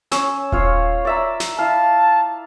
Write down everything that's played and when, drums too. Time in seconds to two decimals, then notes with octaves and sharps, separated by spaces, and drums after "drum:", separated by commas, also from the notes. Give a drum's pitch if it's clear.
0.11 C#4 E6, drum: snare
0.52 F4 C#5 F5, drum: kick D#1
1.05 D5 E5 A#5
1.40 drum: snare
1.58 E4 F5 A5